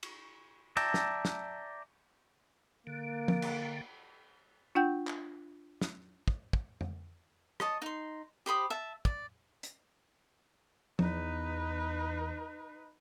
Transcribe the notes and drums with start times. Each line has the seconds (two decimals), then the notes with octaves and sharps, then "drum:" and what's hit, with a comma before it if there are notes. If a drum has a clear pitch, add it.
0.03 drum: cymbal
0.77 D5 E5 G5 A5 A#5, drum: cymbal
0.94 drum: snare
1.25 drum: snare
2.87 D3 A#3
3.28 drum: tom F3
3.42 drum: cymbal
4.75 D4 F4 F#5 G5 G6
5.07 drum: clap
5.81 drum: snare
6.28 drum: kick
6.53 drum: kick
6.81 drum: tom F2
7.60 C#5 D#5 A5, drum: rim click
7.82 D#4 C6
8.46 G4 C5 B5 D#6
8.70 E5 A5
9.05 D5, drum: kick
9.63 drum: hi-hat
10.99 E2 D#4 B4, drum: tom F3